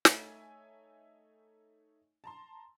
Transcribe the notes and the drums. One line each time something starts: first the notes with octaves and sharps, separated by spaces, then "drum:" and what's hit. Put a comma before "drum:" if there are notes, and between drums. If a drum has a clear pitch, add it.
A3 D#4 C#5 E5 G#5, drum: snare
A5 A#5 C6